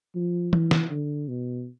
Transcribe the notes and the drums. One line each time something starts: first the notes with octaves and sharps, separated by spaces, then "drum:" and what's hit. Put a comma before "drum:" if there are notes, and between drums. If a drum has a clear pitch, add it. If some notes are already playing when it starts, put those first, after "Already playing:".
F3
E3, drum: tom E3
drum: snare
D3
B2